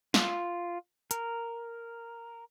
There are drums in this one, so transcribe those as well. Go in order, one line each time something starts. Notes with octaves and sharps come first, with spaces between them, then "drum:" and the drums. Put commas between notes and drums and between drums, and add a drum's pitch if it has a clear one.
F4, drum: snare
A#4, drum: hi-hat